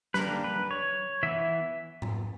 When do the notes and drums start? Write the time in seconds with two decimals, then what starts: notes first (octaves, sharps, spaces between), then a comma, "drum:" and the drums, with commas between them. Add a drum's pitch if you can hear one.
0.14 B4, drum: snare
0.19 D3 G3 A#3 D4 A#4
0.44 B4
0.71 C#5
1.23 E3 B3 E4 E5
2.02 drum: tom G#2